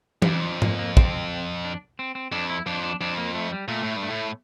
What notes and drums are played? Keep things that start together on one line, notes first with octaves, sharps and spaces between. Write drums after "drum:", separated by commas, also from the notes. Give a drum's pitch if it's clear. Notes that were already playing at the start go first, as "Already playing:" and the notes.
G2, drum: tom E3
F2 D4
D4
A#3, drum: tom G#2
A#3
C4, drum: kick
D4
C4
C4
F2 D4
E4
F2 D4
D4
F2 D4
A#3
A3
G3
A#2 A3
A2
G2
A3
A2